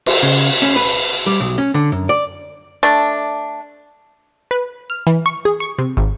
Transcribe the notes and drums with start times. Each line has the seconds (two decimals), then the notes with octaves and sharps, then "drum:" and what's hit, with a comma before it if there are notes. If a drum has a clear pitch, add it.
0.06 drum: cymbal
0.23 C#3
0.62 C#4
0.76 B4
1.26 G3
1.40 B1
1.58 C#4
1.74 D3
1.92 F#2
2.09 D5
2.83 A3 D4
4.51 B4
4.90 F6
5.07 E3
5.26 C#6
5.45 G#4
5.60 C#6
5.78 C3
5.97 G#1